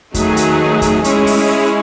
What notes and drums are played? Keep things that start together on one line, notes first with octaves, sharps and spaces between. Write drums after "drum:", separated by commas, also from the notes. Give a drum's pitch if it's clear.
D#3 F#3 A3 D#4 G#4, drum: kick E2, hi-hat
drum: hi-hat
drum: kick E2, hi-hat
G#3 C#4 E4 G#4 C#5, drum: hi-hat
drum: open hi-hat